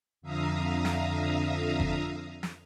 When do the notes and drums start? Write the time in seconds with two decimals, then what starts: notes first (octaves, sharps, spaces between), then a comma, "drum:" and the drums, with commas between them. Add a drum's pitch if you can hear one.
0.22 F2 D3 E5 F5 A#5 D#6
0.85 drum: snare
1.80 drum: kick G1
2.43 drum: snare